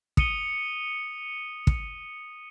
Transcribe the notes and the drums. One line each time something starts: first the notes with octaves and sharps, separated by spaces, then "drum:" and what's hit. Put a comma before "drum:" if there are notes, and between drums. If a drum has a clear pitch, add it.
D#6 C#7 D#7 G7, drum: kick
drum: kick